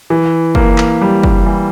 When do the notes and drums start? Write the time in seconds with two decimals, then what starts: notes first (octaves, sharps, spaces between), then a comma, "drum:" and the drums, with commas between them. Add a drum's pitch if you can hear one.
0.10 E3
0.55 A#3, drum: kick
0.78 drum: clap
1.01 G3
1.23 drum: kick
1.46 E3